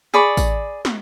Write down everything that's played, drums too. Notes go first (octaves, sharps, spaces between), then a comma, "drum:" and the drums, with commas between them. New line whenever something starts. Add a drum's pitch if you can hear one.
G#4 D5 B5 C#6
drum: kick A1, tambourine
drum: snare